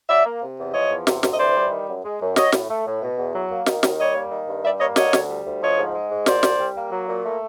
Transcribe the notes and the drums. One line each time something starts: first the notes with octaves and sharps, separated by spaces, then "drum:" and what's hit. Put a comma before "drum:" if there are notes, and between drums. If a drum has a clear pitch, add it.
F#3 D5 E5
A#3
C3
E2
F3 C#5 D#5
E2
C3, drum: snare
D2, drum: snare
D#5
E3 C5 D5
G3
D#3
F#2
G#3
F#2
F#3 C#5 D#5, drum: snare
A2, drum: snare
A3
A2
B2
E2
F#3
A#3
D#3, drum: snare
D#2, drum: snare
G3 C#5 D#5
A#3
D#3
G2
G3 D5 E5
A#3 C#5 D#5
D3 C#5 D#5, drum: snare
D2, drum: snare
G3
D2
F3 C#5 D#5
G#2
G#3
G#2
A#2 C5 D5, drum: snare
C2, drum: snare
G3
A#3
F#3
A#2
A3